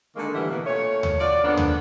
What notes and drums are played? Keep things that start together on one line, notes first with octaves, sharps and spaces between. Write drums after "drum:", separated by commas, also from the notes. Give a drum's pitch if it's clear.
D3 D#3 G#3 A#3
A2 D3 E3 G3 E5
B2 A#3
A#2 A3 C#5
drum: tom D2
F4 F#4 D5
D3 F3 A#3 B3 D4
drum: tom D2